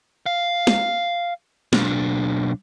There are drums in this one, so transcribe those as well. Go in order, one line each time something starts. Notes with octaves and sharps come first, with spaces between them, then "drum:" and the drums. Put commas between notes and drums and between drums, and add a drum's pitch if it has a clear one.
F5
drum: snare
B1 D4, drum: snare